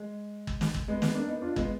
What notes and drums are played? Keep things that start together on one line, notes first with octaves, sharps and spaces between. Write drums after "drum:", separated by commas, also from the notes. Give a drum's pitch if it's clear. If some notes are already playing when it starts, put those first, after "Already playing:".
Already playing: G#3
drum: kick G1
drum: snare
drum: kick G1
G#3 B3
G#3 B3, drum: snare
A#3 D4
B3 D#4
D4 F4
G#3 B3, drum: kick G1